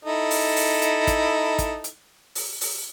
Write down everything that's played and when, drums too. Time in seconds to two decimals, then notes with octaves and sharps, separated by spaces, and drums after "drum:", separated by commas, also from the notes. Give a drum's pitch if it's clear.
0.05 D#4 E4 A4
0.31 drum: open hi-hat
0.56 drum: open hi-hat
0.82 drum: hi-hat
1.07 drum: kick, hi-hat
1.59 drum: kick, hi-hat
1.84 drum: hi-hat
2.35 drum: open hi-hat
2.61 drum: open hi-hat